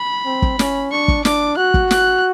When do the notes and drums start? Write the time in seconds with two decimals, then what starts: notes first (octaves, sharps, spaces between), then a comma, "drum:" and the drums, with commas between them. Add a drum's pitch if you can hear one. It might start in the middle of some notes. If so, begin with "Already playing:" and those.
Already playing: B5
0.25 C4
0.42 drum: kick
0.59 C#4, drum: snare
0.92 D4 C#6
1.08 drum: kick
1.25 D4 D6, drum: snare
1.57 F#4 F#6
1.74 drum: kick
1.91 F#6, drum: snare